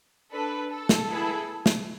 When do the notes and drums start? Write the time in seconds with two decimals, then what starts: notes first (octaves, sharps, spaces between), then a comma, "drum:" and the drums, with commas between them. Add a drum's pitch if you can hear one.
0.33 D4 A4 B4
0.70 A4
0.89 drum: snare
1.08 B3 E4 G#4
1.66 drum: snare